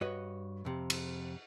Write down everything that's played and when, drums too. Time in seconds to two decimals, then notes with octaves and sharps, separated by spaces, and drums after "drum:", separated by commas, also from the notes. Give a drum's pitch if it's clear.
0.01 G2 F#4 B4 C#5 D#5
0.65 F2 C3
0.90 drum: cymbal